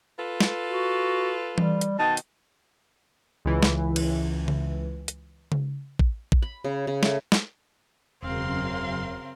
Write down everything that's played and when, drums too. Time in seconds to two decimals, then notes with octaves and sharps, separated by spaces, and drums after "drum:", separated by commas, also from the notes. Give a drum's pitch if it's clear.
0.18 F4 A4 B4
0.40 drum: snare
0.68 F#4
1.58 G3, drum: tom E3
1.81 drum: hi-hat
1.99 B2 D#3 D#4 A5
2.17 drum: hi-hat
3.45 C#2 E3
3.63 drum: snare
3.96 drum: cymbal
4.48 drum: tom C#3
5.08 drum: hi-hat
5.52 drum: tom C#3
5.99 drum: kick
6.32 drum: kick
6.42 B5
6.64 C#3
6.87 C#3
7.03 A3, drum: snare
7.32 drum: snare
8.22 E1 F#2 C#3 C4 A#4 F5 C6